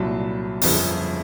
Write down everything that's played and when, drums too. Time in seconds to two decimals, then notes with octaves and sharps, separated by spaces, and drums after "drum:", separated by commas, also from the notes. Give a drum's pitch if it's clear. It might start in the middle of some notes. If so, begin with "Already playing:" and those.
Already playing: C2 A#2 F#3 A5 B5
0.61 G1 F2 C#3 F3, drum: open hi-hat